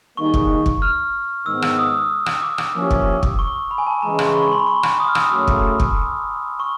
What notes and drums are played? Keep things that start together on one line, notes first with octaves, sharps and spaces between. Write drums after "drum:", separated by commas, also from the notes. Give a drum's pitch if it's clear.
D#3 G3 A#3 D#4 G#4 C#6
drum: kick
drum: kick
F6
G#2 D#3 G#3 B3 E6
E6, drum: rim click
D#6
drum: rim click
D6
D6, drum: rim click
F3 A#3 C#4 E4 G4
drum: kick
drum: kick
C#6
B5
G#5
A5
C#3 E3 G#3 A#5
C6, drum: rim click
C#6
B5
C#6
C6
B5
C#6
drum: rim click
D#6
F6
E6, drum: rim click
D#6
F#2 C#3 F#3 A3 D6
drum: kick
drum: kick
C#6